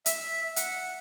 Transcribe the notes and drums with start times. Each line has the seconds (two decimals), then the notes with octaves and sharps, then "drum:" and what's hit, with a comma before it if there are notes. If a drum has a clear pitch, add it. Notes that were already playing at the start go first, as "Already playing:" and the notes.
0.06 E5, drum: hi-hat
0.56 F#5, drum: hi-hat